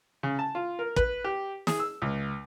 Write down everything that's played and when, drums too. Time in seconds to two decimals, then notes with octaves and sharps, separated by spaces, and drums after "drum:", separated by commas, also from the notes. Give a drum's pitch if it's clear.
0.23 C#3
0.39 A5
0.55 F4
0.79 A#4
0.96 B4, drum: kick
1.24 G4
1.67 G#4, drum: snare
1.80 E6
2.02 C#2